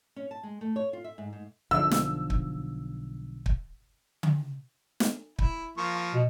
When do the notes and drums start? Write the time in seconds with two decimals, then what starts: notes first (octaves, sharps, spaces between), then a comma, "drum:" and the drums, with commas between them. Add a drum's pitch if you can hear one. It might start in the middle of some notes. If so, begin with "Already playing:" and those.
0.16 C#4
0.31 A5
0.43 G#3
0.61 A3
0.76 C#5
0.93 F4
1.04 E5
1.18 G#2
1.33 G#2
1.71 B1 D3 F3 E6
1.91 drum: snare
2.30 drum: kick
3.46 drum: kick
4.23 drum: tom C#3
5.00 drum: snare
5.39 E4, drum: kick
5.77 F3 A#3 C#6
6.14 B2